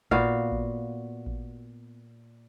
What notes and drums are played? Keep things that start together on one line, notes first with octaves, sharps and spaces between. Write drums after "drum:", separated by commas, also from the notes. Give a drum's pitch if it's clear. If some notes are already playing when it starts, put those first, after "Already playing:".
A#2 B3 F#4 F5, drum: kick A1
drum: kick A1
drum: kick A1